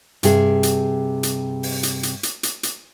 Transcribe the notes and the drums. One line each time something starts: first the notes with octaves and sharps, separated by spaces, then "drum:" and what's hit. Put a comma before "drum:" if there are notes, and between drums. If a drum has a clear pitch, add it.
G2 C3 G#4, drum: hi-hat
drum: hi-hat
drum: hi-hat
drum: open hi-hat
drum: hi-hat
drum: hi-hat
drum: hi-hat
drum: hi-hat
drum: hi-hat